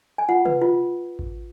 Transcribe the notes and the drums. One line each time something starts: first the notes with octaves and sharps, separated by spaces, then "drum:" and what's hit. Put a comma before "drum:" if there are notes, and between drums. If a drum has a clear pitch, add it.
G#5
F4 F#5
B4, drum: tom
F4
drum: kick A1